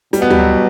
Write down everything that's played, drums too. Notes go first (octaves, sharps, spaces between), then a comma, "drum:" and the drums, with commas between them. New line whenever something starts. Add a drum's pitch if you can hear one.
B2 G3, drum: hi-hat
B3
G3, drum: tom D2
F#3